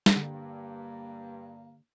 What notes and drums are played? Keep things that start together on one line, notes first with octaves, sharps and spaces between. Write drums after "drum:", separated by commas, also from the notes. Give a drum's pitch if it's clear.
drum: snare G3
G2 D3 A#3